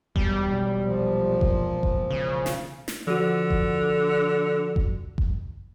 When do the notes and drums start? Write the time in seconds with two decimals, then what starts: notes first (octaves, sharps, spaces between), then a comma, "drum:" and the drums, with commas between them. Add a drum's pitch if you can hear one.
0.16 E1 B2 G3, drum: kick F#1
0.52 E1 B1 B2
0.83 A#2 F3
1.41 drum: kick F#1
1.83 drum: kick F#1
2.10 C#3
2.46 drum: snare
2.88 drum: snare
3.07 D3 F3 F#4
3.50 drum: kick F#1
4.76 drum: kick F#1
5.18 drum: kick F#1